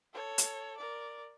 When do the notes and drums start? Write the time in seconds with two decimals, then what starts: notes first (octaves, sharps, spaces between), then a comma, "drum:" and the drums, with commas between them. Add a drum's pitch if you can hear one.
0.13 A4 C#5
0.38 drum: hi-hat
0.78 A#4 D5